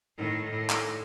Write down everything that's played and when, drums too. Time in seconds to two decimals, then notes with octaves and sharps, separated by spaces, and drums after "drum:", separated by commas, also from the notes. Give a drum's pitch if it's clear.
0.17 A2 D#3
0.50 A2
0.70 drum: clap